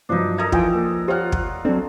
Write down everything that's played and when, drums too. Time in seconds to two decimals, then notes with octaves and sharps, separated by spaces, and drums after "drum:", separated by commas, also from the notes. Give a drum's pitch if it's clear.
0.09 G2 F3 F#3 D4 D#4
0.38 A4 A#4 A#5 D#6 G#6
0.52 E3 F3 F4 G5 G#5, drum: kick
0.74 A#3
1.08 F4 G4 C5 C#5 F#5 F6
1.32 drum: kick
1.65 F#3 C4 D4 A4